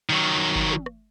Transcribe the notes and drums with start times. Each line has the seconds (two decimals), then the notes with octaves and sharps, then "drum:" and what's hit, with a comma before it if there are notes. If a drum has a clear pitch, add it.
0.10 D#3 F#3
0.56 drum: kick G1
0.71 drum: tom
0.86 drum: rim click